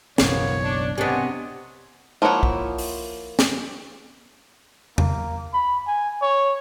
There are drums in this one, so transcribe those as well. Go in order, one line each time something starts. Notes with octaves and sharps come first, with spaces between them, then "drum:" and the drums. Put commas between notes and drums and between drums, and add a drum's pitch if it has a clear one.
F#1 B1 E3 F3 A#3 B3 C#5, drum: snare
D4
C3 B3 D4 C#5 D#5 G#5
F3 A#3 E4 C#5 F#5
drum: kick
drum: open hi-hat
drum: snare
A#3, drum: tom E2
B5
G#5
C#5